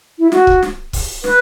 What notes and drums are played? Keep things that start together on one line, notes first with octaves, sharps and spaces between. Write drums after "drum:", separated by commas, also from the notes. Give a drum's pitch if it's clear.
E4
F#4, drum: snare
drum: kick
drum: snare
drum: kick, open hi-hat
B4, drum: snare